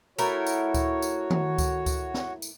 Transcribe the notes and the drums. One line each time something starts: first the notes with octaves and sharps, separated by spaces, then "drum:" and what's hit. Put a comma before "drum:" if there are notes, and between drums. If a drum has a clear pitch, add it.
A3 E4 F#4 A#4 C#5, drum: tambourine
drum: tambourine
drum: kick C#2, tambourine
drum: tambourine
drum: tom D#3
drum: kick C#2, tambourine
drum: kick C#2, tambourine
drum: snare
drum: tambourine